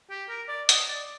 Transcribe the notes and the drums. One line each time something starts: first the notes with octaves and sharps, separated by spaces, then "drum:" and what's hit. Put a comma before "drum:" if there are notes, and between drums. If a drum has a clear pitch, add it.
G4
A#4
D5
D#5, drum: hi-hat
D5